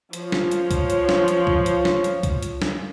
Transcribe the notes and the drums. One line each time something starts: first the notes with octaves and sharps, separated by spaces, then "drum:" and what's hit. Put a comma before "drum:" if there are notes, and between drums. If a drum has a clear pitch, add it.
F3 C#5, drum: hi-hat
drum: snare
drum: hi-hat
drum: kick C2, hi-hat
drum: hi-hat
drum: snare
drum: hi-hat
drum: kick C2
drum: hi-hat
drum: snare
drum: hi-hat
drum: kick C2, hi-hat
drum: hi-hat
drum: snare